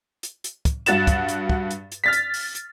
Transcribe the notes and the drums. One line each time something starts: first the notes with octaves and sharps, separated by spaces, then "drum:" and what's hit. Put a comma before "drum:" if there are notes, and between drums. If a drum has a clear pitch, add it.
drum: hi-hat
drum: hi-hat
drum: kick, hi-hat
G2 F#4 A6 E7, drum: hi-hat
drum: kick, hi-hat
drum: hi-hat
drum: kick
drum: hi-hat
drum: hi-hat
F6 A6 B6
drum: hi-hat
drum: open hi-hat
drum: hi-hat